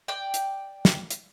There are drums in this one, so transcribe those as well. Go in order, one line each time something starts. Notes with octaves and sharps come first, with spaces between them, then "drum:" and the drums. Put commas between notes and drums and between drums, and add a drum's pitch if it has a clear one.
D5 G5
drum: hi-hat
drum: snare
drum: hi-hat